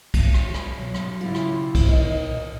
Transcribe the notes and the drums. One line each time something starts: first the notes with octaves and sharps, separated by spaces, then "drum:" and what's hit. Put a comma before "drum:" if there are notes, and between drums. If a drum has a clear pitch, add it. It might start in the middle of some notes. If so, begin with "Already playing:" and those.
drum: kick, cymbal
drum: rim click
drum: rim click
B2 F#3
drum: rim click
C#3 E4 F4 G4
drum: rim click
drum: kick, cymbal
B2 D#3 D#5
A#2